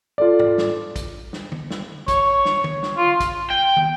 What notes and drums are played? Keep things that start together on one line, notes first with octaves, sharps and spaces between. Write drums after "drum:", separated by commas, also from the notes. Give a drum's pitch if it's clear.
F4 A4 D5
drum: tom G#2
drum: snare
drum: kick, hi-hat
drum: snare
drum: tom D3
drum: snare
C#5, drum: kick, hi-hat
drum: snare
drum: tom D3
drum: snare
F4
drum: kick, hi-hat
G5
drum: tom